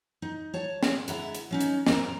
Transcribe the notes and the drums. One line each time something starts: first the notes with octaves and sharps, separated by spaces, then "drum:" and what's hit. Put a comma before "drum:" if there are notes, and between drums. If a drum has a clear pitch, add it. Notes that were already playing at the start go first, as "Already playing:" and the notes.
D#4
C#5 A5
drum: snare
D3 G#3 E4 E5 F#5 A#5, drum: hi-hat
drum: hi-hat
F#3 C#4 D#4
drum: hi-hat
F#3 A#4 C5 A#5, drum: snare